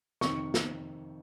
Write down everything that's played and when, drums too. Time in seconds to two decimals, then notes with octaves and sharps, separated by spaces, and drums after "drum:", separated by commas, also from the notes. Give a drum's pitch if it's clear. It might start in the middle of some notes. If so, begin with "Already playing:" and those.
0.21 F2 C3 D#3 C#6, drum: snare
0.54 drum: snare